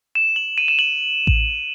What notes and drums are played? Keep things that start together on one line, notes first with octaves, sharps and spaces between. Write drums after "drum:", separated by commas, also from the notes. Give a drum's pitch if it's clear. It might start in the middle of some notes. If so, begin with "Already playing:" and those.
E7
F#7
D#7
E7
F#7
drum: kick A1